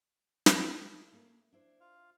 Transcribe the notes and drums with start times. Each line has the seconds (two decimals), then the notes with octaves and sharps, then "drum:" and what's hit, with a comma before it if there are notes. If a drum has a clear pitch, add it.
0.46 A3, drum: snare
1.12 A3 A#3 C#4
1.52 D4 E4 C5
1.81 F4 F5